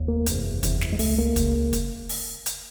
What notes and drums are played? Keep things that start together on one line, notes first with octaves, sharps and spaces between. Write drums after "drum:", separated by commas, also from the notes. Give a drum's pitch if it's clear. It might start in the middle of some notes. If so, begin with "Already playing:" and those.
Already playing: F1 D#2
A#3
F#1 E2 C3, drum: hi-hat
F#1 E2 C3, drum: kick, hi-hat
drum: snare
G#3
C#2 C#3 A3, drum: open hi-hat
A#3
C#2 C#3, drum: kick, hi-hat
drum: kick, hi-hat
drum: open hi-hat
drum: hi-hat